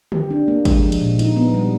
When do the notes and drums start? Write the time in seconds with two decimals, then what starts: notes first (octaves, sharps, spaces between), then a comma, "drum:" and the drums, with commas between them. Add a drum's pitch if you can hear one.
0.12 G4, drum: tom D3
0.30 D4
0.48 A#3
0.65 G#3, drum: kick, cymbal
0.83 F3
0.92 drum: cymbal
1.01 A#2
1.19 D#4, drum: cymbal
1.36 B3
1.54 G3